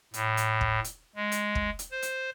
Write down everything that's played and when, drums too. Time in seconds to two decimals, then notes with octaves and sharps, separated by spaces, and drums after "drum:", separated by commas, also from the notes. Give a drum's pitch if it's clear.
0.14 A2, drum: hi-hat
0.37 drum: hi-hat
0.61 drum: kick
0.84 drum: hi-hat
1.16 G#3
1.32 drum: hi-hat
1.55 drum: kick
1.79 drum: hi-hat
1.91 C5
2.02 drum: hi-hat